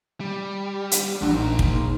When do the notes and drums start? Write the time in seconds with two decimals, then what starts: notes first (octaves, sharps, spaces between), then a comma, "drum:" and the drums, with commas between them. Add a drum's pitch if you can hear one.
0.21 G3
0.91 drum: hi-hat
1.22 A#1 F#3 D4 F#4
1.35 A#3 D#4 C5
1.59 drum: kick